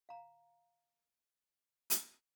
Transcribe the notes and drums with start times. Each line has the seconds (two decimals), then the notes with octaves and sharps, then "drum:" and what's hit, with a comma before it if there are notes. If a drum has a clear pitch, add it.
0.09 F5 A#5
1.90 drum: hi-hat